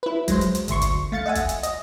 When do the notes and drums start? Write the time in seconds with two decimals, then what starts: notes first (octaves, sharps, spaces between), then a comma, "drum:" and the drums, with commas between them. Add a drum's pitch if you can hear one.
0.03 E4 B4
0.28 F#3 G#3 C5, drum: kick, hi-hat
0.41 drum: hi-hat
0.55 drum: hi-hat
0.68 G#1 D2 C6 C#6, drum: hi-hat
0.82 drum: kick, hi-hat
1.12 A3 F5 A6 C#7
1.26 D#5 E5 F#5 G#5
1.35 drum: kick, hi-hat
1.49 drum: hi-hat
1.63 D#5, drum: hi-hat